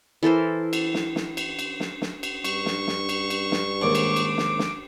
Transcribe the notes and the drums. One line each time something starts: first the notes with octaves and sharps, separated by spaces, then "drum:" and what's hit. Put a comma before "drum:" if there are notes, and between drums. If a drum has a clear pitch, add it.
E3 A4 A#4 C5
drum: cymbal
drum: snare
drum: snare
drum: cymbal
drum: cymbal
drum: snare
drum: snare
drum: cymbal
G2 C#6, drum: cymbal
drum: snare
drum: snare
drum: cymbal
drum: cymbal
drum: snare
D#2 G#2 D6
drum: cymbal
drum: cymbal
drum: snare
drum: snare